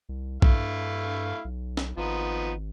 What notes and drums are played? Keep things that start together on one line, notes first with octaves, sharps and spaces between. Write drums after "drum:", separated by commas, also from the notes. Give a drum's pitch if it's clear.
C2
G2 A3 E4 F5, drum: kick
B1
drum: snare
G#1 F3 B3 D#4